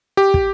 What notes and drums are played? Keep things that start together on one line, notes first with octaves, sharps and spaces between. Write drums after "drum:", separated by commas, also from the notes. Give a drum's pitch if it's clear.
G4
drum: kick